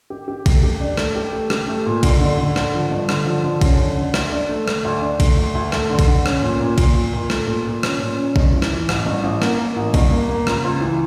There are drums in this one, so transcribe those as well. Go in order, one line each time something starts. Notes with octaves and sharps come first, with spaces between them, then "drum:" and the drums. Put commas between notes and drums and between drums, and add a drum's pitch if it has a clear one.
G4
G4
A3, drum: kick A#1, cymbal
G4
D4
A3, drum: rim click
G4
A3
G4, drum: rim click
A3
A#2
D3, drum: kick A#1, cymbal
D3
D3
D3, drum: rim click
F3
G2
D3, drum: rim click
F3
D3
C#4, drum: kick A#1, cymbal
D3
D3
D2, drum: rim click
D4
A3
A3, drum: rim click
D2
D4
A3, drum: kick A#1, cymbal
D2
D2
A3, drum: rim click
D3
drum: kick A#1, cymbal
D3
C#4, drum: rim click
A#2
A#2
A#2, drum: kick A#1, cymbal
A#2
A#2
A3, drum: rim click
A#2
A#2
C#4, drum: rim click
A#2
C#4
G2, drum: kick A#1
E3
drum: rim click
E3
A1, drum: rim click
G2
A1
A#3, drum: rim click
A#3
A1
G2, drum: kick A#1, cymbal
A#3
A#3
C#2, drum: rim click
C#2
E3